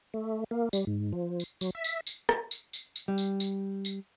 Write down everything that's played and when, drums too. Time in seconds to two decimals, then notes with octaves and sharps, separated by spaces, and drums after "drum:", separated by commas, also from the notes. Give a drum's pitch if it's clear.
0.14 A3
0.51 A#3
0.73 G3, drum: tambourine
0.87 G#2
1.13 F3
1.40 drum: tambourine
1.61 F#3, drum: tambourine
1.75 E5
1.84 drum: tambourine
2.07 drum: tambourine
2.29 drum: rim click
2.51 drum: tambourine
2.73 drum: tambourine
2.96 drum: tambourine
3.08 G3
3.18 drum: tambourine
3.40 drum: tambourine
3.85 drum: tambourine